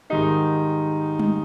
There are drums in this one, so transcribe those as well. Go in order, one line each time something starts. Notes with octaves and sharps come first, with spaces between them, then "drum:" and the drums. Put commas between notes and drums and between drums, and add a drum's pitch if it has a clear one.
G#2 D#3 G3 D#4
drum: tom G3